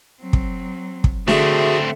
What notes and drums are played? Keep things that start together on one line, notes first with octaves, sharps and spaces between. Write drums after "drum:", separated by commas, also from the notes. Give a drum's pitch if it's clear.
F#3 C4
drum: kick
drum: kick
D3 A3 C4 F#4 G#4 A4 E5, drum: snare D4